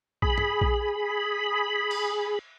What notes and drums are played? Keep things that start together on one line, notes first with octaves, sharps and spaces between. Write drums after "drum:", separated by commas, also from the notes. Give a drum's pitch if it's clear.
G#4 B5, drum: kick A#1
drum: tom
drum: kick A#1
drum: cymbal